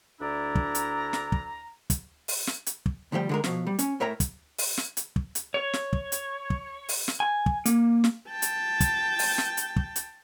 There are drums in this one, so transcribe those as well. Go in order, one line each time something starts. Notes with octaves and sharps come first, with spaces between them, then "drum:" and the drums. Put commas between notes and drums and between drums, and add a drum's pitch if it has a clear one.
D2 D4 E4 D5 A#5
drum: kick
drum: hi-hat
drum: snare
drum: kick
drum: kick, hi-hat
drum: open hi-hat
drum: snare
drum: hi-hat
drum: kick
D2 F3 G3 E5 G5
D3 G#3 A#4
B2 F3 F#3, drum: snare
G3
C#4, drum: hi-hat
A2 A#4 C#5 E5 G5 A#5
drum: kick, hi-hat
drum: open hi-hat
drum: snare
drum: hi-hat
drum: kick
drum: hi-hat
C#5
drum: snare
drum: kick
drum: hi-hat
drum: kick
drum: open hi-hat
drum: snare
G#5
drum: kick
A#3, drum: hi-hat
drum: snare
G5 A5
drum: hi-hat
drum: kick, hi-hat
drum: open hi-hat
drum: snare
drum: hi-hat
drum: kick
drum: hi-hat